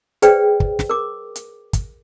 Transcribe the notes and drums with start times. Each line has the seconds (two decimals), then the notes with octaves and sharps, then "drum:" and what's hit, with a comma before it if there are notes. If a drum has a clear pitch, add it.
0.22 G#4 B4 C5 D5 G5, drum: hi-hat
0.60 drum: kick
0.79 drum: snare
0.90 A#4 D6
1.36 drum: hi-hat
1.73 drum: kick, hi-hat